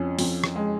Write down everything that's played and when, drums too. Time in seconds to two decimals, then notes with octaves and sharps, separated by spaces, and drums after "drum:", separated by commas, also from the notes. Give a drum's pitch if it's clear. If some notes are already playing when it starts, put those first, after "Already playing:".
Already playing: F2 C#4
0.19 F2, drum: open hi-hat
0.44 drum: rim click
0.56 G#3